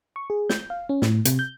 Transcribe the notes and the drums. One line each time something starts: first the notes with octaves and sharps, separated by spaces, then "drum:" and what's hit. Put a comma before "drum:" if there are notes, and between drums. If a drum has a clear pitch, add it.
C#6
G#4
G6, drum: snare
F5
C#4
A2, drum: snare
C3, drum: hi-hat
G6